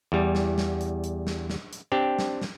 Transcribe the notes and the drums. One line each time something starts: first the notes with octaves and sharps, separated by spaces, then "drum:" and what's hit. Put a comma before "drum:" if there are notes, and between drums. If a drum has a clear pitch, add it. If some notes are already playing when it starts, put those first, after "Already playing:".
E2 G3
drum: snare
drum: snare
drum: hi-hat
drum: hi-hat
drum: snare
drum: snare
drum: hi-hat
C4 D4 G4
drum: snare
drum: snare